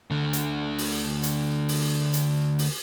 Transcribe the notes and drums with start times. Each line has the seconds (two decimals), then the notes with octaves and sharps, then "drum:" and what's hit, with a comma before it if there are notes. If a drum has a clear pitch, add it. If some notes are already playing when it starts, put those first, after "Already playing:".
0.11 D2 D3
0.33 drum: hi-hat
0.78 drum: open hi-hat
1.23 drum: hi-hat
1.68 drum: open hi-hat
2.14 drum: hi-hat
2.59 drum: open hi-hat